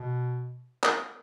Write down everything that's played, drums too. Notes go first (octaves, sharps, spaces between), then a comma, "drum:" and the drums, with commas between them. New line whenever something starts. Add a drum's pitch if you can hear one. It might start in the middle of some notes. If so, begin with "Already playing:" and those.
Already playing: B2
drum: clap